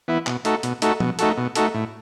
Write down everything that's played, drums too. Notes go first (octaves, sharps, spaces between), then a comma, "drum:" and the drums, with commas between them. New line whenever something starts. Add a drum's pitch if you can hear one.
E3 B3 E4
B2, drum: clap
A3 D#4 F#4 A4, drum: hi-hat
B2, drum: hi-hat
A3 D#4 F#4 A4, drum: hi-hat
B2, drum: tom F3
A3 D#4 F#4 A4, drum: hi-hat
B2
A3 D#4 F#4 A4, drum: hi-hat
A2